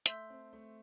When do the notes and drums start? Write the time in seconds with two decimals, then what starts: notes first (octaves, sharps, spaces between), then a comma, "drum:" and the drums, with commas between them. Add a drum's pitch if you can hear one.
0.06 A3 E5 C6 E6 G6, drum: hi-hat
0.30 C4
0.53 A3